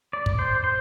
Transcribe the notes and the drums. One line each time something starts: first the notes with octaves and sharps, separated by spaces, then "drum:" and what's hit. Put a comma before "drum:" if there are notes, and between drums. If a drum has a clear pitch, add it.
D5
drum: kick
C5
C5